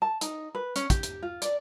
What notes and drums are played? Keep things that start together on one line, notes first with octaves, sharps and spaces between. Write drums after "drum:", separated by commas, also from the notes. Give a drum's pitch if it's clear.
A5
D#4, drum: hi-hat
B4
C#4, drum: hi-hat
G4, drum: kick, hi-hat
drum: hi-hat
F4
D5, drum: hi-hat